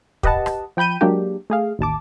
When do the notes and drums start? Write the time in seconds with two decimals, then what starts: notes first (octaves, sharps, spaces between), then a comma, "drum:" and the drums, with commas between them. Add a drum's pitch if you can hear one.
0.23 G4 B4 D#5 F#5 A5, drum: kick
0.46 drum: rim click
0.77 F3 G5 B5 G6 D#7
1.01 F#3 G#3 A#3 D4 G4
1.50 A3 G#4 F5
1.79 A1 D#2 A5 D6